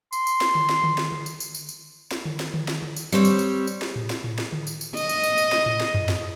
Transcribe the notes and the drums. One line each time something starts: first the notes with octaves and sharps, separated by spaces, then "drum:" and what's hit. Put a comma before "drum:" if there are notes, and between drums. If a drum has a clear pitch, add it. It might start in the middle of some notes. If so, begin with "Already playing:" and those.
C6, drum: tambourine
drum: tambourine
drum: snare
drum: tom D3
drum: snare
drum: tom D3
drum: snare
drum: tom D3
drum: tambourine
drum: tambourine
drum: tambourine
drum: tambourine
drum: snare
drum: tom D3
drum: snare
drum: tom D3
drum: snare
drum: tom D3
drum: tambourine
G3 C4 C#5, drum: tambourine
drum: tambourine
drum: tambourine
drum: tambourine
drum: snare
drum: tom A2
drum: snare
drum: tom A2
drum: snare
drum: tom D3
drum: tambourine
drum: tambourine
D#5, drum: tambourine
drum: tambourine
drum: tambourine
drum: tambourine
drum: snare
drum: tom A2
drum: snare
drum: tom F#2
drum: snare